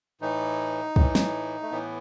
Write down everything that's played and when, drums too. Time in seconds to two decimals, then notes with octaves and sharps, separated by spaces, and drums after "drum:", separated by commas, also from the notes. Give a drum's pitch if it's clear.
0.21 A2 E3 D#4
0.96 A2 E3, drum: kick
1.15 drum: snare
1.62 A3
1.71 A2 E3 B3